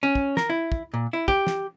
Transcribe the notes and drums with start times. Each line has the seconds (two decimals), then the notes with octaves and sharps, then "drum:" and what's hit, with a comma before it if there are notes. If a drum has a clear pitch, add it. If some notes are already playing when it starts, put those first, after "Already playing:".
0.03 C#4
0.15 drum: kick
0.37 A#4, drum: snare
0.50 E4
0.72 drum: kick
0.94 A#2
1.13 E4
1.28 G4, drum: kick
1.47 drum: snare